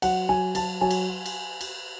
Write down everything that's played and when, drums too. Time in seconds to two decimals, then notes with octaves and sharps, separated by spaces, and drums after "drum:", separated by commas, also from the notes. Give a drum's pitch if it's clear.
0.02 F#3 F#5, drum: cymbal
0.29 F#3 G#5
0.55 F#3 A5, drum: cymbal
0.81 F#3 G#5
0.91 drum: cymbal
1.26 drum: cymbal
1.61 drum: cymbal